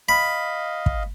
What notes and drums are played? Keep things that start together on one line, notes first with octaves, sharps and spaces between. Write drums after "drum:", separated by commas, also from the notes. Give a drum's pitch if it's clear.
D#5 F5 B5
drum: kick